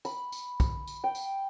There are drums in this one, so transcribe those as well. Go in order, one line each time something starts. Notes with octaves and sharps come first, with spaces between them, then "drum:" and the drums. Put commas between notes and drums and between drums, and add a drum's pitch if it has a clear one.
B5, drum: tambourine
drum: tambourine
drum: kick B1, tambourine
drum: tambourine
G5
drum: tambourine